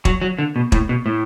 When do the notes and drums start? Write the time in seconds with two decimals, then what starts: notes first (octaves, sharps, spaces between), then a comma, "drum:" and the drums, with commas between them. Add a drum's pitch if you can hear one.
0.05 F#3, drum: kick E1
0.22 F#3
0.39 D3
0.56 B2
0.72 A2, drum: kick E1
0.89 B2
1.06 A2